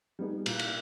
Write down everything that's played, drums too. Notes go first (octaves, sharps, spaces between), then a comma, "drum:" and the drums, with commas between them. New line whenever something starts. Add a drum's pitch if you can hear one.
G3 B3 D#4 G#4
A#2, drum: cymbal
drum: cymbal